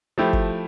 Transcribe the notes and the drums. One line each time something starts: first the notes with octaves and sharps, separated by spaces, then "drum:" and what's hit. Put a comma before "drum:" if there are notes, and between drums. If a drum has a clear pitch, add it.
F3 A3 E4 G4
drum: kick G1